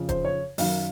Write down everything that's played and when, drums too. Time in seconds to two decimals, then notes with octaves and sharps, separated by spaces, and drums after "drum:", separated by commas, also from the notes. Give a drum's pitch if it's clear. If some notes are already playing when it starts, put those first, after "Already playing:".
Already playing: F2 C#3 F3
0.09 C5, drum: kick E1, hi-hat
0.25 C#5
0.58 F#2 D#3 F#3 F5, drum: open hi-hat